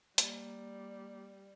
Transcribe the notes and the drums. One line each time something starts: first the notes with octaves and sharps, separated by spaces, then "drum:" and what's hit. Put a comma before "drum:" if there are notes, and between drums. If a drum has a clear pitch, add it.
G3 A#3, drum: hi-hat